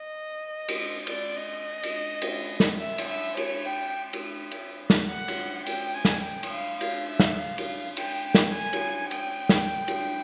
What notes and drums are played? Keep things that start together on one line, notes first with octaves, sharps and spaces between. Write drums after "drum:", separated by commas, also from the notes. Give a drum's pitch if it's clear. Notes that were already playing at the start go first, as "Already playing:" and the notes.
Already playing: D#5
drum: cymbal
D5, drum: cymbal
D#5
drum: cymbal
drum: cymbal
drum: snare
E5
drum: cymbal
E5
C#5, drum: cymbal
G5
drum: cymbal
drum: cymbal
drum: snare
F#5
drum: cymbal
G5, drum: cymbal
G#5
drum: snare
G5
drum: cymbal
F5
F5, drum: cymbal
E5
drum: snare
F5
drum: cymbal
G5, drum: cymbal
drum: snare
G#5
drum: cymbal
G5, drum: cymbal
drum: snare
drum: cymbal